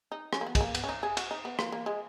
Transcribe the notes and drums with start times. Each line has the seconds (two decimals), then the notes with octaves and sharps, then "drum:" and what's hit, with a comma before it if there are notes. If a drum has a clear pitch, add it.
0.12 D#4
0.33 C#4, drum: rim click
0.41 A#3
0.47 B3
0.55 G#3, drum: kick, cymbal
0.61 A#3
0.75 B3, drum: cymbal
0.84 C#4
0.89 D#4
1.03 G#4
1.17 F#4, drum: cymbal
1.31 D#4
1.45 B3
1.59 A#3, drum: rim click
1.72 A#3
1.86 G#3